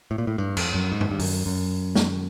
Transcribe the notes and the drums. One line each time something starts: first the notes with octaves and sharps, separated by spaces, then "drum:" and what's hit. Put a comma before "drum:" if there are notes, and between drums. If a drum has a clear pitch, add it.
A2
A#2
A2
G2
F2, drum: cymbal
F#2
G#2
drum: tom
G2
F#2, drum: open hi-hat
F#2
drum: snare